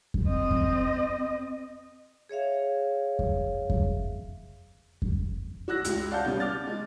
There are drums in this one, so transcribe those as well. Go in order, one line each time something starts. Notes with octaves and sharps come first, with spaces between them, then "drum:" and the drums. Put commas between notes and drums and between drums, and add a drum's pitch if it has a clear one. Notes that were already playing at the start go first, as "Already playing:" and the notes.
drum: kick F2
C4 D#5
drum: kick F2
G#4 C#5 E5 F5
drum: kick F2
drum: kick F2
drum: kick F2
F#4 E6 F#6 A#6
C#2, drum: hi-hat
D5 F5 F#5 A5 G6
C#3 G3 B3
D6 F6 A6
G#3